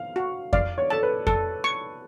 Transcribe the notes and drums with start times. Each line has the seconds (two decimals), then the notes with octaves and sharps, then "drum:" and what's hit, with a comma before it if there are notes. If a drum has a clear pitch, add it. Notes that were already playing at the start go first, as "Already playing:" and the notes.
Already playing: F5
0.16 F#4
0.53 D5 F5, drum: kick F2
0.78 C#5
0.90 A4 A5
1.03 B4
1.27 A4, drum: kick F2
1.64 C#6